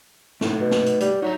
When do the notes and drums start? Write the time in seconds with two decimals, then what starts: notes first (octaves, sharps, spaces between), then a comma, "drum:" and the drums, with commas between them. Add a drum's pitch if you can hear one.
0.41 A2 A3 D#4, drum: snare
0.60 B2
0.71 drum: snare
0.86 drum: hi-hat
1.00 G3, drum: hi-hat
1.22 F#3 D#4 E5 A#5